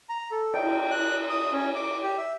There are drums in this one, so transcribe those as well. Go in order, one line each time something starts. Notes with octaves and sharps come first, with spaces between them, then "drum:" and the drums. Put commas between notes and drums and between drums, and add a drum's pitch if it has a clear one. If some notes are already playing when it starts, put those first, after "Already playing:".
A#5
A4
G5, drum: cymbal
F#6
D#6
C#4
D6
G4
E5